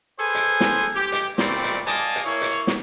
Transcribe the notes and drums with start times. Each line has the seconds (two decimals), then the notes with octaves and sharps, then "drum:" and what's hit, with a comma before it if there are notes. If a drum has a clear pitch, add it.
0.18 G#4 A4 B4 C5 G#5
0.35 drum: hi-hat
0.61 drum: snare
0.95 G4
1.12 drum: hi-hat
1.38 A#2 G3 A3 C4 D5, drum: snare
1.64 drum: hi-hat
1.87 D5 D#5 F5 G#5 A5, drum: hi-hat
2.16 drum: hi-hat
2.25 A#3 E4 C#5
2.41 drum: hi-hat
2.67 drum: snare